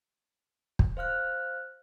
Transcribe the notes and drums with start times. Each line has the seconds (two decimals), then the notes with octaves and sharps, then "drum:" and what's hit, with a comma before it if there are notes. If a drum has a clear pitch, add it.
0.79 drum: kick
0.97 C5 F5 F6 F#6